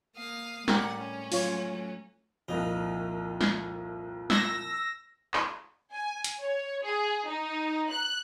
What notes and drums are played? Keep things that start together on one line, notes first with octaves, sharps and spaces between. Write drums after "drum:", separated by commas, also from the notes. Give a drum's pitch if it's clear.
A#3 F5 D#6
A2 G3 G4 A#4 F#5, drum: snare
C#4
F#3 A3 F4 C#5, drum: open hi-hat
C2 F2 A#2 D#4
drum: snare
E6 A#6, drum: snare
drum: clap
G#5
drum: hi-hat
C#5
G#4
D#4
F#6